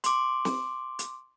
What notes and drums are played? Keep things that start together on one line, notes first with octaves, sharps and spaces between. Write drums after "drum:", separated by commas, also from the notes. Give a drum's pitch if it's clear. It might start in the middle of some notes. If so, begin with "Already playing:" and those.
C6 D6, drum: hi-hat
drum: snare
drum: hi-hat